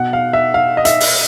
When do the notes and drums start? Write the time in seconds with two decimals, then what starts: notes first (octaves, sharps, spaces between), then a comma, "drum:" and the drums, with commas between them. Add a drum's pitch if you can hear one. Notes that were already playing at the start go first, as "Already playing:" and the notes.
Already playing: B2 F#5
0.13 F5
0.33 E5
0.54 F5
0.77 D#5
0.85 E5, drum: hi-hat
1.00 drum: open hi-hat